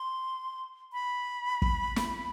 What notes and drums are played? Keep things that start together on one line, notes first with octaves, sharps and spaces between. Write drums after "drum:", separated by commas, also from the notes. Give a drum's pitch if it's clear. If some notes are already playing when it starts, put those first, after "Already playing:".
Already playing: C6
B5
drum: kick
drum: snare